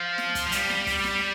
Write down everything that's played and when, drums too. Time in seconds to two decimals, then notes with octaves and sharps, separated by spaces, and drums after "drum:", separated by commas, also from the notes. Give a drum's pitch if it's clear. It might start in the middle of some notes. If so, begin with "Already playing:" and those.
Already playing: F3
0.18 drum: snare
0.35 drum: kick, hi-hat
0.47 F3
0.52 G3, drum: hi-hat
0.69 drum: snare
0.87 drum: kick, open hi-hat
1.04 drum: snare